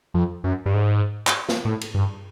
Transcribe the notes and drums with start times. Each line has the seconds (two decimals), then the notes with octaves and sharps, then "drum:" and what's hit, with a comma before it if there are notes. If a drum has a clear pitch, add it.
0.14 F2
0.44 F#2
0.66 G2
0.74 G#2
1.27 drum: clap
1.49 drum: snare
1.65 A2
1.81 drum: cymbal
1.94 G2